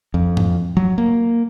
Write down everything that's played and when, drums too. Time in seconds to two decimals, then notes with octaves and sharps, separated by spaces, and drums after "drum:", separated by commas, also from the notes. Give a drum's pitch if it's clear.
0.14 F2
0.37 drum: tom G#2
0.77 F#3
0.98 A#3